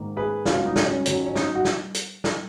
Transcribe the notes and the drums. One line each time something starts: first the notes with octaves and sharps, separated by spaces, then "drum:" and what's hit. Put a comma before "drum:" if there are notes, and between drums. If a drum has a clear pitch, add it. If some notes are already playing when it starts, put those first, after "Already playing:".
Already playing: G#2 D#3 A#3
G#4 B4
C#2 B2 F#3 C#4 F4, drum: snare
D#4
drum: snare
C#4
F2 D#3 F#3 C#4, drum: hi-hat
C#4
D#4, drum: snare
F#4
drum: snare
drum: hi-hat
drum: snare